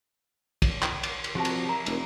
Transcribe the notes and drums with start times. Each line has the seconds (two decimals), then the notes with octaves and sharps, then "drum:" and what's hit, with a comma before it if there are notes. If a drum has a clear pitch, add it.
0.62 drum: kick, cymbal
0.83 drum: clap
1.03 drum: cymbal
1.24 drum: cymbal
1.35 C3 F3 F#4 G4 A5 A#5
1.45 drum: cymbal
1.69 E4 A#4 A#5
1.86 F1, drum: cymbal